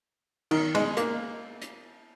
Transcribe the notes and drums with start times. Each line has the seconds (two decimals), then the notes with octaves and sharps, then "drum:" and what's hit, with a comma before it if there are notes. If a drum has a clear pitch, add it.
0.51 D#3, drum: cymbal
0.75 G#3, drum: cymbal
0.97 A#3, drum: hi-hat
1.62 drum: hi-hat